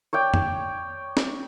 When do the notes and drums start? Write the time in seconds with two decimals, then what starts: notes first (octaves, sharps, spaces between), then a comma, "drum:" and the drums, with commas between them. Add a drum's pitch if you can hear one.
0.13 C#5 D5 G5
0.34 drum: tom F2
1.17 drum: snare C#4